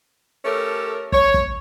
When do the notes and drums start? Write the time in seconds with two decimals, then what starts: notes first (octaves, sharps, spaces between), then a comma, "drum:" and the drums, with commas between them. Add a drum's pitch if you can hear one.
0.45 A3 C#4 G4 A4 A#4
1.12 C#5, drum: kick
1.34 drum: kick